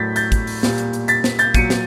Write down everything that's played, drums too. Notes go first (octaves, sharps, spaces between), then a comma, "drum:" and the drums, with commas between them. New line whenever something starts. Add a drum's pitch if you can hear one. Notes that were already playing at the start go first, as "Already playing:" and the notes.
Already playing: A2 F#3 G6 A6 B6
G6 A6, drum: hi-hat
drum: kick, hi-hat
drum: open hi-hat
A#2 G3, drum: snare
drum: hi-hat
drum: hi-hat
A6 B6, drum: hi-hat
drum: snare
G6 A6, drum: hi-hat
A#2 F#3 C#7 D#7, drum: kick, hi-hat
drum: snare